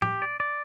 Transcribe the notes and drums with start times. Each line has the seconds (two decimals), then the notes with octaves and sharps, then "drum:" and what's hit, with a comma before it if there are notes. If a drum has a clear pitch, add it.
0.02 G4, drum: tom A2
0.22 D5
0.40 D5